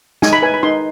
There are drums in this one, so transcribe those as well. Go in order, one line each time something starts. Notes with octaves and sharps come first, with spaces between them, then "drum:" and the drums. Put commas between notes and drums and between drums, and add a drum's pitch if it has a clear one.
D#4 G#5, drum: snare
B5
B4 G#5
B5
D#4 C6